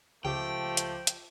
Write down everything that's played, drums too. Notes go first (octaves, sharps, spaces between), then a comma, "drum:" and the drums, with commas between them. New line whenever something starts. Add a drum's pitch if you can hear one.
C#2 F3 A3 G4 G5 D6
drum: hi-hat
drum: hi-hat